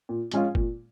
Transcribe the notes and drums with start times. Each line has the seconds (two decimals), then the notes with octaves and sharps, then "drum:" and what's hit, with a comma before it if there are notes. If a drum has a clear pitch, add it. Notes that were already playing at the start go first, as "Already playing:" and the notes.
0.09 A#2
0.31 F3 G#3 C#4 F4, drum: hi-hat
0.55 A#2, drum: kick F#1